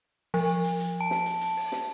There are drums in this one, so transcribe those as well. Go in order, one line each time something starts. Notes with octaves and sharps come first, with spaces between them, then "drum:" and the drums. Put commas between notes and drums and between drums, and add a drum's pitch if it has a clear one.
F3, drum: open hi-hat
drum: hi-hat
drum: hi-hat
A5
drum: snare
drum: hi-hat
drum: hi-hat
drum: open hi-hat
drum: snare